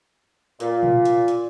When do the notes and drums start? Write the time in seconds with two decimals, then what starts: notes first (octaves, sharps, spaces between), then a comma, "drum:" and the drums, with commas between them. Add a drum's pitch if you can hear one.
0.60 A#2, drum: hi-hat
0.83 drum: tom A#2
1.05 drum: hi-hat
1.28 drum: hi-hat